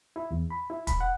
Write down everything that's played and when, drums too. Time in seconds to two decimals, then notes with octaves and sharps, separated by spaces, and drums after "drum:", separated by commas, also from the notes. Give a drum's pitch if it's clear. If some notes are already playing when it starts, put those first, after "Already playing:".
0.16 E4
0.31 E2
0.50 B5
0.70 E4
0.87 B5, drum: kick, hi-hat
1.01 F#5